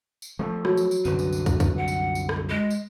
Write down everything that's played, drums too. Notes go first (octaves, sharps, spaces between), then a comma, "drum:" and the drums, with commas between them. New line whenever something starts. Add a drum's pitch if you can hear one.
drum: tambourine
F3 A3
F#3, drum: rim click
drum: tambourine
drum: tambourine
C2 F#2 D3 B4, drum: tambourine
drum: tambourine
drum: tambourine
drum: kick, tambourine
drum: kick, tambourine
F#5
drum: tambourine
drum: tambourine
drum: rim click
G#3
drum: tambourine